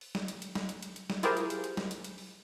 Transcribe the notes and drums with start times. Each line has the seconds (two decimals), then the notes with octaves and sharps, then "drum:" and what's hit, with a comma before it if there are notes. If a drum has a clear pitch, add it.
0.01 drum: open hi-hat
0.15 drum: snare
0.28 drum: hi-hat
0.42 drum: hi-hat
0.55 drum: snare
0.69 drum: hi-hat
0.83 drum: hi-hat
0.96 drum: hi-hat
1.10 drum: snare
1.23 E4 F4 G4 G#4 A#4 C5, drum: hi-hat
1.37 drum: hi-hat
1.50 drum: hi-hat
1.64 drum: hi-hat
1.77 drum: snare
1.91 drum: hi-hat
2.04 drum: hi-hat
2.18 drum: open hi-hat